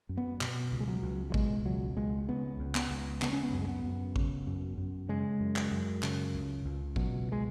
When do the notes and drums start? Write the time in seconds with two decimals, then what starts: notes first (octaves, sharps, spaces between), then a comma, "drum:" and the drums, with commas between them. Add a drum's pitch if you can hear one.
0.09 F#2
0.17 B3
0.41 B2, drum: clap
0.72 C#2
0.80 G#3
0.88 F#3
1.03 C#2
1.30 F#3
1.34 B2 G#3, drum: kick A1
1.66 C#2 F#3
1.97 C#2 G#3
2.28 C#3 B3
2.59 C#2
2.75 B3, drum: clap
2.91 C#2
3.22 C#3 B3, drum: clap
3.33 C#4
3.43 B3
3.53 F#2
3.62 G#3
3.68 B3
3.84 F#2
4.16 C#3, drum: kick A1
4.47 F#2
4.78 F#2
5.09 C#3 G#3
5.40 F#2
5.56 drum: clap
5.72 F#2
6.03 C#3, drum: clap
6.34 C#2
6.65 C#2
6.96 B2 F#3, drum: kick A1
7.32 G#3